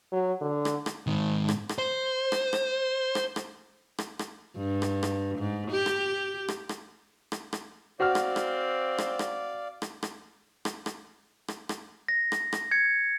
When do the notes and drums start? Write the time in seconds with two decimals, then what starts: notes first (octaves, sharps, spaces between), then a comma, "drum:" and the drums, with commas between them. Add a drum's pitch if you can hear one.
0.12 F#3
0.41 D3
0.65 drum: rim click
0.86 drum: rim click
1.07 G#2 D#3
1.49 drum: rim click
1.69 drum: rim click
1.78 C5
2.32 drum: rim click
2.53 drum: rim click
3.15 drum: rim click
3.36 drum: rim click
3.98 drum: rim click
4.19 drum: rim click
4.57 G2
4.82 drum: rim click
5.03 drum: rim click
5.38 G#2
5.71 G4
5.86 drum: rim click
6.48 drum: rim click
6.69 drum: rim click
7.32 drum: rim click
7.53 drum: rim click
8.00 C4 F#4 D5 F5 F6
8.15 drum: rim click
8.36 drum: rim click
8.98 drum: rim click
9.19 drum: rim click
9.82 drum: rim click
10.03 drum: rim click
10.65 drum: rim click
10.86 drum: rim click
11.48 drum: rim click
11.69 drum: rim click
12.08 A#6
12.32 drum: rim click
12.53 drum: rim click
12.71 G#6 C#7